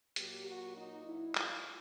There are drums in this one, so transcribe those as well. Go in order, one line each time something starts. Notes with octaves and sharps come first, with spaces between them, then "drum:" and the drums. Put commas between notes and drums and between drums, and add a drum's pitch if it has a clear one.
A#2 F#3 A#3 G4, drum: hi-hat
F#4
D#4
E4
F4, drum: clap